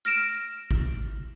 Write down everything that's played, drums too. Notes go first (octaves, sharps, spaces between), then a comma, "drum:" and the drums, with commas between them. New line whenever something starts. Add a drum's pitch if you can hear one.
F6 A#6 D7 E7
drum: kick